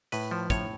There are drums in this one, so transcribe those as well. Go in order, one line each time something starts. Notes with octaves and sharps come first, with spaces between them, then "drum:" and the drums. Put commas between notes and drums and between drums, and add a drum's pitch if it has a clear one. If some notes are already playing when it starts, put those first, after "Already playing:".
A2 B4, drum: hi-hat
F3
A2 C#5, drum: kick, hi-hat